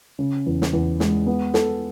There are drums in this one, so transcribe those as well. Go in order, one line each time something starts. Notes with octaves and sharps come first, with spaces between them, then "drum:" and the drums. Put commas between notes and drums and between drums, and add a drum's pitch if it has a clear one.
C#3
E2
drum: snare
E2
G#3, drum: snare
B3
A4, drum: snare